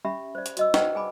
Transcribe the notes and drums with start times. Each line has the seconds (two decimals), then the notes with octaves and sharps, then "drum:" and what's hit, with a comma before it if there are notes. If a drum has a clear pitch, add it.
0.05 C#4 G4 E5 B5
0.35 C5 D5
0.46 drum: hi-hat
0.57 F#4 D#5 E6, drum: hi-hat
0.74 B4 C5 D5 D#5 F#5 G5, drum: snare
0.95 G#4 G#5 B5 D6